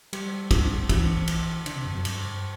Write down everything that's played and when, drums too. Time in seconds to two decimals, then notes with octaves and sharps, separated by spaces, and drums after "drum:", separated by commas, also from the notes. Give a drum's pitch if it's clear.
0.13 G3, drum: cymbal
0.51 drum: kick, cymbal
0.89 E3, drum: kick, cymbal
1.27 drum: cymbal
1.66 D3, drum: cymbal
1.76 C3
1.85 F#2
1.95 F#2
2.05 G2, drum: cymbal